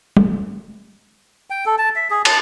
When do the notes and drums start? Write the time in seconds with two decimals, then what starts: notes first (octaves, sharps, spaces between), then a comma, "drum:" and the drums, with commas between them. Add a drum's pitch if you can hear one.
0.17 drum: tom
1.50 G5
1.66 A4
1.78 A5
1.96 E5
2.10 G#4
2.25 A5, drum: cymbal